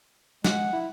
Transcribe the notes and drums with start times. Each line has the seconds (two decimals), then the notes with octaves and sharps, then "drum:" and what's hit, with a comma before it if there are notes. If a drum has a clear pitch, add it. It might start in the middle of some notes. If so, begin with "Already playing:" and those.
0.44 G#3 F#5, drum: snare
0.73 E4